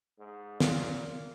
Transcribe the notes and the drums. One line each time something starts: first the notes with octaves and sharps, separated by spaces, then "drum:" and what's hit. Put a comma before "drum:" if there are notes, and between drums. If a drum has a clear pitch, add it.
G#2
A#2, drum: snare